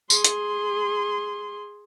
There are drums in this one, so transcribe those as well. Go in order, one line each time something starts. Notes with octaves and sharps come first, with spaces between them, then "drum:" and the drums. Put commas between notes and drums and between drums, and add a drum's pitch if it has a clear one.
G#4 C6, drum: tambourine
drum: hi-hat